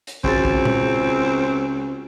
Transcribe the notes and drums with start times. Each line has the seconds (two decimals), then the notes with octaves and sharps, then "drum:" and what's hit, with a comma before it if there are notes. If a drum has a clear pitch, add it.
0.07 drum: hi-hat
0.24 C#2 C4 F#4 G#4 A6, drum: kick
0.45 drum: kick
0.65 drum: tom A#2